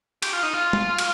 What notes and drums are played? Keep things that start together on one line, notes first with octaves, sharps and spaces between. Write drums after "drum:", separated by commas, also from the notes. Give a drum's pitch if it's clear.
G4, drum: cymbal
F4
D#4
F4
drum: tom
drum: cymbal